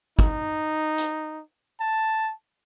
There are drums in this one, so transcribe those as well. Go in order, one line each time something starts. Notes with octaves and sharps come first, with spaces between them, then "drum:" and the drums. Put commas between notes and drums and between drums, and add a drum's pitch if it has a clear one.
D#4, drum: kick
drum: hi-hat
A5